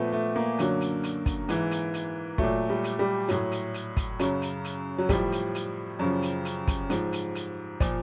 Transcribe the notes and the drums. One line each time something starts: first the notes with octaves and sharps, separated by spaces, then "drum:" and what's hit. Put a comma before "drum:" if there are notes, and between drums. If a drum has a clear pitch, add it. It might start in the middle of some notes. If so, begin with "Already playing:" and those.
Already playing: A#2 F3 A3 B3
A3
A#3
F#2 D3 F#3, drum: hi-hat
drum: hi-hat
drum: hi-hat
drum: kick, hi-hat
G#2 E3, drum: hi-hat
drum: hi-hat
drum: hi-hat
A#2 F#3 A3, drum: kick
G3
drum: hi-hat
G3
A2 F#3, drum: hi-hat
drum: hi-hat
drum: hi-hat
drum: kick, hi-hat
F#2 C#3 F#3, drum: hi-hat
drum: hi-hat
drum: hi-hat
F#3
A2 F3 G3, drum: kick, hi-hat
drum: hi-hat
drum: hi-hat
F#2 C#3 F3
drum: hi-hat
drum: hi-hat
drum: kick, hi-hat
G#2 F3, drum: hi-hat
drum: hi-hat
drum: hi-hat
A#2 F3, drum: kick, hi-hat